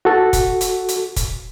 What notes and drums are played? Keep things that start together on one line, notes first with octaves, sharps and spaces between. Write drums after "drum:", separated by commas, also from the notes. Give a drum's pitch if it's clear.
F#4 A4
drum: kick, hi-hat
drum: hi-hat
drum: hi-hat
drum: kick, hi-hat